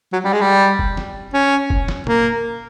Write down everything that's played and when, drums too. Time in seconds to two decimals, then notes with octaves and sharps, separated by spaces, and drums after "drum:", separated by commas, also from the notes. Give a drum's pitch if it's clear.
0.13 F#3
0.25 G3
0.33 G#3
0.41 G3
0.79 drum: kick F1
0.97 drum: snare
1.34 C#4
1.70 drum: kick F1
1.88 drum: snare
2.07 A#3, drum: tom A#2